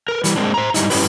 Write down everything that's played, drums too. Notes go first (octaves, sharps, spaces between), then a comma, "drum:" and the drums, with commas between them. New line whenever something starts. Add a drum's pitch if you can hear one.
A#4 B4
E3 G3, drum: hi-hat
G#3 A#3 C4 D4
C5 A#5
G#2 G3 D#4 E4, drum: hi-hat
G2 C3 C#4 E4 G4 B4, drum: open hi-hat